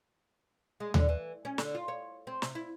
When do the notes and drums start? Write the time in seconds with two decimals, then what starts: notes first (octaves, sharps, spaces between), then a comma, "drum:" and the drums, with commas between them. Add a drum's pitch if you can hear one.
0.80 G#3
0.94 D3, drum: tom D#2
1.09 E3
1.45 C#4
1.58 D3, drum: snare
1.75 F4
1.88 C#5
2.27 C4
2.42 C3, drum: snare
2.55 E4